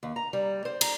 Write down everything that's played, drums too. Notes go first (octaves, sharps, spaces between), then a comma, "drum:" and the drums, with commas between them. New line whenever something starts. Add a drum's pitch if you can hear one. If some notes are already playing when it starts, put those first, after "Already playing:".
D#2
A#5
G3
C5
A#5, drum: cymbal